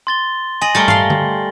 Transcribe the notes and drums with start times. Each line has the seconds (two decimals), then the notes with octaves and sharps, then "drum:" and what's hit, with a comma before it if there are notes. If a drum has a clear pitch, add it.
0.07 C6 A6 G7
0.62 D#5 G#5 A#6 F#7
0.75 G3 A3 A#4 A6 G7
0.88 F5 C6, drum: tom
1.10 drum: tom D3